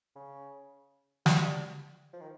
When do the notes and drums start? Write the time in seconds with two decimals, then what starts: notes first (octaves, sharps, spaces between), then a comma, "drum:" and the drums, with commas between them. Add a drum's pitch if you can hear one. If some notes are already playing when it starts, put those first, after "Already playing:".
0.16 C#3
1.26 G3, drum: snare
2.13 F3
2.21 D#3